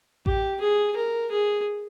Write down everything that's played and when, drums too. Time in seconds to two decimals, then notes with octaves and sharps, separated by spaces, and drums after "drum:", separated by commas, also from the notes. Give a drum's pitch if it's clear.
0.26 G4, drum: kick A1
0.61 G#4
0.96 A#4
1.31 G#4